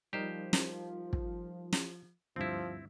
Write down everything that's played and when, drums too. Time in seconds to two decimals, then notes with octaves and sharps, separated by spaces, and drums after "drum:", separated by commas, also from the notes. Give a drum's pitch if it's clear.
0.13 F3 G3 D#4 G4 A#4 C5
0.53 drum: snare
1.13 drum: kick
1.73 drum: snare
2.36 D2 G2 F3 C4 E4